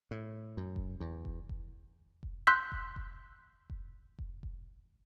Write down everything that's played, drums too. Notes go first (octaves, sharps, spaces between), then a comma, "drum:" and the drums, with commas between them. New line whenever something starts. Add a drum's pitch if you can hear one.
A2
F#2
drum: kick F1
E2
drum: kick F1
drum: kick F1
drum: kick F1
C6 E6 F#6 G6 B6
drum: kick F1
drum: kick F1
drum: kick F1
drum: kick F1
drum: kick F1